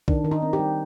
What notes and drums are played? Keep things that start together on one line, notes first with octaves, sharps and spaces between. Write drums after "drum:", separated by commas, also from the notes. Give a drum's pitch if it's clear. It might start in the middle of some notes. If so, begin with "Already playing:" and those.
D#3 D4, drum: kick B1
D#3
D#4
C4
G4
G3